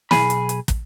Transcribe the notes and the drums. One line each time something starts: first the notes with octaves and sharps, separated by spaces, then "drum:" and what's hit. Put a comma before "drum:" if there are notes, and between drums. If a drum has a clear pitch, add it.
B1 G#3 G#4 G#5 B5, drum: snare
drum: hi-hat
drum: hi-hat
drum: kick, hi-hat